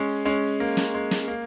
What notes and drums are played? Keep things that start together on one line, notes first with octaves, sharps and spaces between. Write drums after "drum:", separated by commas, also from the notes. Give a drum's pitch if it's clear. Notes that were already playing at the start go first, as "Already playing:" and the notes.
Already playing: G#3 C#4
G#3 C#4
A#3
drum: snare
G#3
drum: snare
A#3